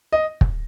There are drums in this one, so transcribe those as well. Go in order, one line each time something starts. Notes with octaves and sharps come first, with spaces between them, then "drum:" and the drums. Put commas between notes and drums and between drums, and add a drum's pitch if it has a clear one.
D#5
drum: kick